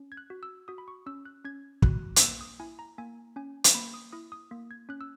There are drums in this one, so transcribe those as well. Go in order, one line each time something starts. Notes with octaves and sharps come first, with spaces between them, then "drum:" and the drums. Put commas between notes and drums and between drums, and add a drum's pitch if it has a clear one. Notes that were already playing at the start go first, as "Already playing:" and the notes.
Already playing: C#4
G#6
F#6
F#4
E6
F#4 D#6
B5
C#6
C#4 E6
F#6
C#4 G#6
F#4 F#6, drum: kick
F#6, drum: hi-hat
A#3 E6
D#6
E4 G#5
A#5
A#3 G#5
C#4 G#5
drum: hi-hat
A#3 B5
D#6
E4 D#6
D#6
A#3
G#6
C#4 F#6
E6